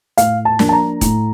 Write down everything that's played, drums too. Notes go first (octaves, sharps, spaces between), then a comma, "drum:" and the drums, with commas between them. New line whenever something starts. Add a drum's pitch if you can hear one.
A2 F5, drum: hi-hat
A5
F3 A#3 D4, drum: snare
A5
A#5
A2, drum: kick E1, hi-hat